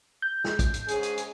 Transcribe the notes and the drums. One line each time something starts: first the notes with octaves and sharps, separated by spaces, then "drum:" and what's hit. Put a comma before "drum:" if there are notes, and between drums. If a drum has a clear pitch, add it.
G6
drum: snare
drum: kick, hi-hat
drum: hi-hat
G#2 C#4 G#4, drum: hi-hat
drum: hi-hat
drum: hi-hat